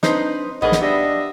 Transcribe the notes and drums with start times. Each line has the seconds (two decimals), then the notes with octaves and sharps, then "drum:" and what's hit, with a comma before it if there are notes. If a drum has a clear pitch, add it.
0.03 C4 D4 D#4 B4 C5, drum: snare
0.62 A1 G#2 B3 D4 G#4 A#4 D#5
0.72 drum: snare
0.82 D4 G4 D#5 E5